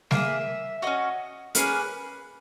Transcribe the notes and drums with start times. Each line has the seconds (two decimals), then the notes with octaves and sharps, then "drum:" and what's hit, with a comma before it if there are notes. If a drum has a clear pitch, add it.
0.11 A#3 E4 G#4 E5, drum: snare
0.82 C#4 F#4 D#5
1.55 A#3 C#4 G#4 B4, drum: hi-hat